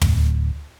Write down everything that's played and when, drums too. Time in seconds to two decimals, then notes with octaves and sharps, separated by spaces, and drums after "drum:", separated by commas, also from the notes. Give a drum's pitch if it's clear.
0.01 D1, drum: tom